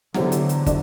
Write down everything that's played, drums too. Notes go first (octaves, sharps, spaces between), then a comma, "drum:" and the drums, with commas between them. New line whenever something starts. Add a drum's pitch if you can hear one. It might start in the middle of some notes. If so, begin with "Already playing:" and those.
D3 E3 F#3 B3 E4 G4 C5, drum: snare
drum: hi-hat
drum: hi-hat
F#3 A3 D4, drum: kick, hi-hat